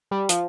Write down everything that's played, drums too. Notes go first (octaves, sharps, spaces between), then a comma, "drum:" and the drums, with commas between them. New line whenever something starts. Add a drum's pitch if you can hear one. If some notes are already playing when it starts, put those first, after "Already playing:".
G3
F3, drum: hi-hat